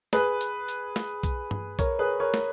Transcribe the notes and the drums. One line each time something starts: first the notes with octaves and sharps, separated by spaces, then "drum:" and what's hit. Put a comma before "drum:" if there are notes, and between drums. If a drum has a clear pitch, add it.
G#4 B4, drum: snare
drum: hi-hat
drum: hi-hat
drum: snare
drum: kick B1, hi-hat
drum: tom G2
A#4 C#5, drum: kick B1, hi-hat
G#4 B4
A#4 C#5
drum: snare